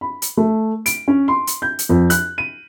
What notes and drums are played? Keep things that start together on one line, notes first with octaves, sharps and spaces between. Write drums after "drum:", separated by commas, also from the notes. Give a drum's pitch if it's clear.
B5
drum: hi-hat
A3
D7, drum: hi-hat
C#4
C6
drum: hi-hat
G6
drum: hi-hat
F2
F#6, drum: hi-hat
D#7